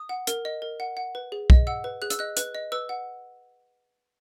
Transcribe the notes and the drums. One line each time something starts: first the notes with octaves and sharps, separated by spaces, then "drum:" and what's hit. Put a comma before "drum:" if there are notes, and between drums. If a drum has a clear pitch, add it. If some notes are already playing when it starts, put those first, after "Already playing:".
Already playing: D#6
F#5
A#4, drum: hi-hat
D#5
A#4
F#5
F#5
B4
G#4
D#5, drum: kick B1
F#5 E6
B4
G#4 F#6
E6, drum: hi-hat
D#5 F#6
B4 F#6, drum: hi-hat
D#5
B4 E6
F#5